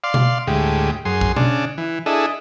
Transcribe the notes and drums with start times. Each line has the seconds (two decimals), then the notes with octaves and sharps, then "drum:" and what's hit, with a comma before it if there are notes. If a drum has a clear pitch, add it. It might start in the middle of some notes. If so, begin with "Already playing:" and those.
0.04 D5 F5 C6
0.14 drum: tom B2
0.47 D2 A2 G#3 G4
1.05 F#2 G#4 C6
1.21 drum: kick
1.36 C#3 D4, drum: tom B2
1.78 E3
2.06 D4 E4 G#4 A4 D#5